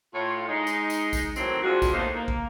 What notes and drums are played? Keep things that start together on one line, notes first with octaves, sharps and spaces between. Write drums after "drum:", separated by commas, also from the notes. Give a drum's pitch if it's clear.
A2 F4 C#5
G#3 D#4
drum: tambourine
drum: tambourine
drum: kick, tambourine
A2 D#3 E3 F#3 C4, drum: tambourine
G3 G#3 C4 D4 F4 F#4
drum: kick, tambourine
E2 A2 A#3 D#4 C5
A#3
drum: kick